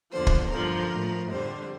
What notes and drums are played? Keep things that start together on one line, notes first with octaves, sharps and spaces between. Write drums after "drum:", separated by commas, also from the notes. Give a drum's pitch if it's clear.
E2 D3 F3 C5
drum: kick
G2 D3 F3 A#4
A2 F3
F2 D3 G3 C5